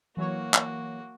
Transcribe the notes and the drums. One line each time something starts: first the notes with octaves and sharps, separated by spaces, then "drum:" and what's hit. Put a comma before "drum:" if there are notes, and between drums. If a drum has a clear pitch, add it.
E3 F#3 A#3 F#4 C#5
drum: clap